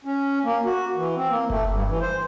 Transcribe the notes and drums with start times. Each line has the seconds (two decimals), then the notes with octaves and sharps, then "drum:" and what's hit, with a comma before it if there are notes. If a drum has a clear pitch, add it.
0.05 C#4
0.45 A#3
0.65 F#4
0.96 E3
1.16 C4
1.30 A#3
1.50 A3, drum: kick F#1
1.70 G2
1.88 E3
2.01 C5